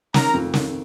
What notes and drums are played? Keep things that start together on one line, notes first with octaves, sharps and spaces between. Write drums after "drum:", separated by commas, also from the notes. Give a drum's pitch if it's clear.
D#3 A#4 A#5, drum: snare
F2
D#3, drum: snare